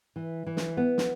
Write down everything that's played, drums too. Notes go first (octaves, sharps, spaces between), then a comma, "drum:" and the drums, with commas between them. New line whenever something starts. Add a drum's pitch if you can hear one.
E3
E3
drum: snare
B3
drum: snare